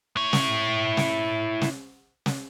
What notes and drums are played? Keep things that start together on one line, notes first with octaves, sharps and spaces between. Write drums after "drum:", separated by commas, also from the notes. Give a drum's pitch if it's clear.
E4 C#5
drum: snare
drum: snare
drum: snare
drum: snare